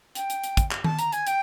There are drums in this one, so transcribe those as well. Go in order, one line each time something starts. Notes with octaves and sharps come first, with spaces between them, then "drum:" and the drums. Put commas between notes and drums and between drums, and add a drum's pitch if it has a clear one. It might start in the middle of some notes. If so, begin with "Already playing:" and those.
G5, drum: hi-hat
drum: hi-hat
drum: hi-hat
drum: kick, hi-hat
drum: clap
A5, drum: tom D#3
A#5, drum: hi-hat
G#5, drum: hi-hat
G5, drum: hi-hat